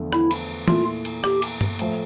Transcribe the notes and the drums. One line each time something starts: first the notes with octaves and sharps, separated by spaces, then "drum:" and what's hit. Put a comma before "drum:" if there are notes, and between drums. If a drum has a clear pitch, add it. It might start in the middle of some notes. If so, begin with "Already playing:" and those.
Already playing: E2 D3 F3 A3
E4, drum: rim click
drum: cymbal
A#2 A3 E4 F4, drum: tom
drum: cymbal
G4, drum: rim click
drum: cymbal
drum: tom G2
A2 F3 A3, drum: cymbal